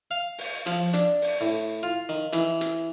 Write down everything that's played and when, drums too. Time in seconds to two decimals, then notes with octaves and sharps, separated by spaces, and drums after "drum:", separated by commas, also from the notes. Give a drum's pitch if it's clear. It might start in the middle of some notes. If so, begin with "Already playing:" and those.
0.11 F5
0.38 drum: open hi-hat
0.66 F3, drum: hi-hat
0.94 D4, drum: hi-hat
1.22 drum: open hi-hat
1.41 A2
1.83 F4
2.09 D#3
2.33 E3, drum: hi-hat
2.61 drum: hi-hat